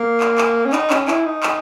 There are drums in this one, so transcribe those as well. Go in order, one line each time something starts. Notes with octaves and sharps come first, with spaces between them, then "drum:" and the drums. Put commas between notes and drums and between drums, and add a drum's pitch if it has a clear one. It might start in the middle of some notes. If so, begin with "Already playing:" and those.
Already playing: A#3
drum: clap
drum: clap
C#4
D#4, drum: clap
C#4, drum: clap
E4, drum: clap
D#4
drum: clap